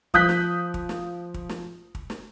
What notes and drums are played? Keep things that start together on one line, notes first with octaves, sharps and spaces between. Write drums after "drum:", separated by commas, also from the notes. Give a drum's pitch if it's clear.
F3 D#6 F#6 G6 B6, drum: kick
drum: snare
drum: kick
drum: snare
drum: kick
drum: snare
drum: kick
drum: snare